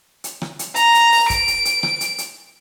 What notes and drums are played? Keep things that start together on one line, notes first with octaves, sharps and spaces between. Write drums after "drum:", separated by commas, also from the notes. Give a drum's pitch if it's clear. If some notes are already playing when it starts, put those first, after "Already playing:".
drum: hi-hat
drum: rim click
drum: hi-hat
A#5, drum: hi-hat
drum: hi-hat
drum: open hi-hat
D7, drum: kick, hi-hat
drum: hi-hat
drum: hi-hat
drum: rim click
drum: hi-hat
drum: hi-hat